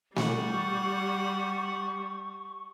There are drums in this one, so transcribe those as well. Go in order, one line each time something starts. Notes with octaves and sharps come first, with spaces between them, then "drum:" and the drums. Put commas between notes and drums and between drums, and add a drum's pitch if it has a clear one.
G3 F#5 C#6, drum: snare A3